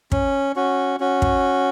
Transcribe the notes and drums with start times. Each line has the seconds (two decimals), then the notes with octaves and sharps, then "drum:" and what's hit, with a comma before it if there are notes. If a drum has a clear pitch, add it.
0.12 C#4, drum: kick
0.56 C#4 F#4
1.00 C#4 F#4
1.22 drum: kick